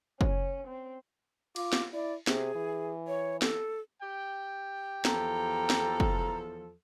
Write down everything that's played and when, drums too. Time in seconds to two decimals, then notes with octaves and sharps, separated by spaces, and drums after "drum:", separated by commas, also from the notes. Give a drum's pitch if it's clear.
0.21 C#4, drum: kick
0.67 C4
1.56 F4 D6, drum: cymbal
1.73 drum: snare
1.93 E4 D5
2.27 C3 G#4, drum: snare
2.55 E3
3.08 C#5
3.42 A4, drum: snare
4.02 G4 G5
5.05 E2 F3 A4 A#5, drum: snare
5.70 drum: snare
6.00 drum: kick